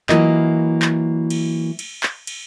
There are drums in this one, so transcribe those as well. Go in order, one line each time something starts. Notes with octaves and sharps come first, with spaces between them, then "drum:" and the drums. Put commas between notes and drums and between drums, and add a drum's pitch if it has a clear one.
E3 F#3 A#3 E4 F4 D#5, drum: clap
drum: clap
drum: cymbal
drum: cymbal
drum: clap
drum: cymbal